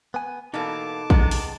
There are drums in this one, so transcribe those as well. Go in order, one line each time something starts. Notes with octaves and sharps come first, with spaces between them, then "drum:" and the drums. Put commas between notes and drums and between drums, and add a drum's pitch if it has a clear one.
B3 G#5
B2 E3 A#3 D#4 A4 A5 D6
C3 G#3 B3, drum: kick A1
drum: open hi-hat